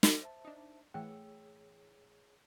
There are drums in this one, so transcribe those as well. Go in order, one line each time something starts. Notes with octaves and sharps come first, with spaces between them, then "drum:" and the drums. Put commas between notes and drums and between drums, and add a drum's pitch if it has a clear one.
drum: snare
C5 E5 A5
D4 D#4
A2 E3 A3 G#4 C#5 G5 E6